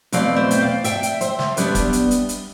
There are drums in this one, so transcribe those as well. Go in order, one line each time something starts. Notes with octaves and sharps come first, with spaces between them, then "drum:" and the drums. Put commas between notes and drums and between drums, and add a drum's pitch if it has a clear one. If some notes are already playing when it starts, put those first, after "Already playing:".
E2 B2 A3 C4 D5 F5, drum: hi-hat
C5 E5
G5, drum: hi-hat
D5 F5
E5 G5, drum: hi-hat
drum: hi-hat
C5 E5, drum: hi-hat
drum: snare
D3 G3 B3 D4 B4 D5, drum: hi-hat
drum: kick, hi-hat
drum: hi-hat
drum: hi-hat
drum: hi-hat